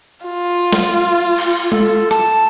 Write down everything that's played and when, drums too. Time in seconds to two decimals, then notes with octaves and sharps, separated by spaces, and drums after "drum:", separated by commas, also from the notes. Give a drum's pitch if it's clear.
0.27 F4
0.72 drum: snare
1.38 drum: cymbal
1.72 A4, drum: tom G#3
2.11 A5, drum: rim click